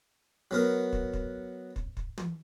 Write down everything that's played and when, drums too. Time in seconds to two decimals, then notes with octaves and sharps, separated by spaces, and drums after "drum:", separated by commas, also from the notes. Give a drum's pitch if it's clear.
0.51 F#3 B3 A#4
0.93 drum: kick
1.13 drum: kick
1.76 drum: kick
1.97 drum: kick
2.18 drum: tom